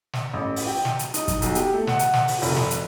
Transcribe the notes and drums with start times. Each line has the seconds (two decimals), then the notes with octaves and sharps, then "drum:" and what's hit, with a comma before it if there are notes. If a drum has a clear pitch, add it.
0.13 drum: snare
0.33 A1
0.56 drum: open hi-hat
0.67 G5
0.85 drum: snare
0.99 drum: hi-hat
1.14 D#4, drum: hi-hat
1.28 drum: kick, hi-hat
1.42 B1, drum: hi-hat
1.55 G4, drum: hi-hat
1.74 A3
1.87 F#5, drum: snare
1.99 drum: hi-hat
2.13 drum: snare
2.28 drum: open hi-hat
2.42 F1, drum: open hi-hat
2.56 drum: snare
2.71 drum: hi-hat